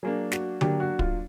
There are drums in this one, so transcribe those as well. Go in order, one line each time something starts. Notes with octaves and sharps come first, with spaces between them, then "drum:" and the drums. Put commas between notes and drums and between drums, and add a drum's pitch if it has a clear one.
F#3 A#3 D4 G#4
F#4, drum: snare
F#3 A#3 D4 G4, drum: tom D3
F#4
F4, drum: kick